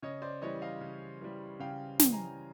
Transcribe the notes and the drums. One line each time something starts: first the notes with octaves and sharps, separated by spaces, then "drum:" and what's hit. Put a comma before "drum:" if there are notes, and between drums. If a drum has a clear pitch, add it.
C#3 C#5 D#5
C5 D5
E3 G3 C#5 D#5
D#5 F5
C#3
E3 G3
C#3 F5 G5
E3 G3, drum: snare
G#5 A#5